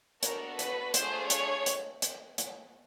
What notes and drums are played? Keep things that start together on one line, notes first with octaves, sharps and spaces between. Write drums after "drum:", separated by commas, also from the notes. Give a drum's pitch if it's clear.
B3 D4 F#4 A4 A#4, drum: hi-hat
B4, drum: hi-hat
A3 D4 F4 G#4 C5, drum: hi-hat
C#5, drum: hi-hat
drum: hi-hat
drum: hi-hat
drum: hi-hat